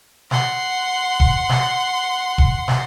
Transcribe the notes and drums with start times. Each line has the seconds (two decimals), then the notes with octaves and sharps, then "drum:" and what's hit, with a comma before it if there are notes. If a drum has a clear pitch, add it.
0.31 F#5 C6, drum: snare
1.20 drum: kick E1
1.49 drum: snare
2.38 drum: kick E1
2.68 drum: snare